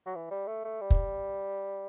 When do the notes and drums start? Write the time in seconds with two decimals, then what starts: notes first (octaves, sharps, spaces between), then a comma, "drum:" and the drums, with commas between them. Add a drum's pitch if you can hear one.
0.06 F#3
0.15 E3
0.31 G3
0.47 A3
0.65 A3
0.81 G3
0.90 drum: kick